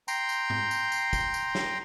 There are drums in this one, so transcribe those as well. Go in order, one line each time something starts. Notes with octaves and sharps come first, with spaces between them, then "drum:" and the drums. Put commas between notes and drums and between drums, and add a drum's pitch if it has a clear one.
G5 A#5 C6, drum: tambourine
drum: tambourine
drum: tom G#2
drum: tambourine
drum: tambourine
drum: kick, tambourine
drum: tambourine
drum: snare